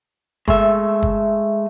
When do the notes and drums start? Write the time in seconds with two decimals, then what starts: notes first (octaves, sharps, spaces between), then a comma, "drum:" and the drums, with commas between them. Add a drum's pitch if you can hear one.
0.48 G#3 A3 E5, drum: kick
1.03 drum: kick